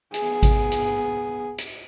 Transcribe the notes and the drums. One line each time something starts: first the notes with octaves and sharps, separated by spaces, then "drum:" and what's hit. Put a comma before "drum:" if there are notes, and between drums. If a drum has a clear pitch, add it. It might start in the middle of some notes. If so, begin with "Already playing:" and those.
B3 G#4, drum: hi-hat
drum: kick G#1, hi-hat
drum: hi-hat
drum: hi-hat